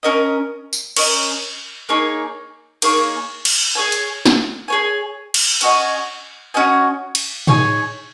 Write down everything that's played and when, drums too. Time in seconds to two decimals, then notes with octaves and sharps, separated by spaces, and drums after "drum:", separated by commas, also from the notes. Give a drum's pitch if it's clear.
0.03 C#4 A#4 D#5
0.73 drum: tambourine
0.96 C#4 A#4 D#5, drum: cymbal
1.89 A#3 D#4 G#4 C#5
2.82 A#3 D#4 G#4 C#5, drum: cymbal
3.45 drum: cymbal
3.75 G#4 C#5 G#5
3.92 drum: hi-hat
4.26 drum: snare
4.68 G#4 C#5 G#5
5.34 drum: cymbal
5.61 C#4 F#4 D#5 G#5, drum: hi-hat
6.54 C#4 F#4 D#5 G#5
7.15 drum: cymbal
7.47 D#4 G#4 C#5 G#5, drum: tom A2